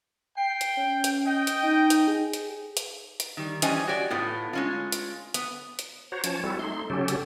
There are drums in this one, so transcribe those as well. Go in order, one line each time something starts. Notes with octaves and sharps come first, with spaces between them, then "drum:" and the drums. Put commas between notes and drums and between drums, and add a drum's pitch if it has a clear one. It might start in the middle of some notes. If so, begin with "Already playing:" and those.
G5 C7
drum: hi-hat
C#4
drum: hi-hat
D#5 G5
drum: hi-hat
D#4
drum: hi-hat
G#4
drum: hi-hat
drum: hi-hat
drum: hi-hat
D#3 G3
E3 G3 C#4 C5 D#5 G#5, drum: hi-hat
F#4 G4 C#5 D5
A2 B3 F4
G#3 C#4 F4
drum: hi-hat
B3, drum: hi-hat
drum: hi-hat
F#4 C5 C#5 A#5
F3 C#4 C#5 A5, drum: hi-hat
G3 C4 E4 F#4 A4
A3 D#4 C6
C#3 F#3 C#4 G4 A4
drum: hi-hat